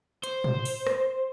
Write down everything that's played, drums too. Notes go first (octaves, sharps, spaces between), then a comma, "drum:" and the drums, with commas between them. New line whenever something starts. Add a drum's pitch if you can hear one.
C5, drum: hi-hat
drum: tom A2
drum: open hi-hat
drum: rim click